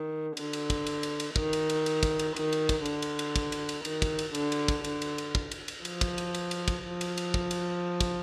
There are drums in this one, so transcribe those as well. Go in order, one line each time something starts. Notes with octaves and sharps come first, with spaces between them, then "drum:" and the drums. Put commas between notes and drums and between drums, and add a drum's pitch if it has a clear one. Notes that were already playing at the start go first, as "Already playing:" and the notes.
Already playing: D#3
D3, drum: cymbal
drum: cymbal
drum: kick, cymbal
drum: cymbal
drum: cymbal
drum: cymbal
D#3, drum: kick
drum: cymbal
drum: cymbal
drum: cymbal
drum: kick, cymbal
drum: cymbal
D#3, drum: cymbal
drum: cymbal
drum: kick, cymbal
D3, drum: cymbal
drum: cymbal
drum: cymbal
drum: kick, cymbal
drum: cymbal
drum: cymbal
D#3, drum: cymbal
drum: kick, cymbal
drum: cymbal
D3, drum: cymbal
drum: cymbal
drum: kick, cymbal
D3, drum: cymbal
drum: cymbal
drum: cymbal
drum: kick
drum: cymbal
drum: cymbal
F3, drum: cymbal
drum: kick, cymbal
drum: cymbal
drum: cymbal
drum: cymbal
drum: kick, cymbal
F3
drum: cymbal
drum: cymbal
drum: kick
drum: cymbal
drum: kick, cymbal